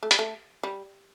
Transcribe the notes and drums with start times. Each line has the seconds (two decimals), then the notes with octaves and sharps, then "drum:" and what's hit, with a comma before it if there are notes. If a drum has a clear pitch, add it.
0.03 A3
0.11 G3, drum: hi-hat
0.19 A3
0.63 G3